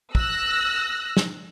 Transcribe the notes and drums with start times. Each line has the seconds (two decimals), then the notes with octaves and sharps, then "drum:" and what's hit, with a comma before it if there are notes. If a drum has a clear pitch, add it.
0.15 E6 F#6 A#6, drum: kick
1.17 drum: snare